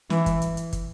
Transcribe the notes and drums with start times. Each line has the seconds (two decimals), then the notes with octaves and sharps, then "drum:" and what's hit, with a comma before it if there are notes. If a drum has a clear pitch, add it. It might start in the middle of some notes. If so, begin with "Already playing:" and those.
0.10 E3, drum: snare
0.26 drum: kick, hi-hat
0.42 drum: hi-hat
0.57 drum: hi-hat
0.73 drum: kick, hi-hat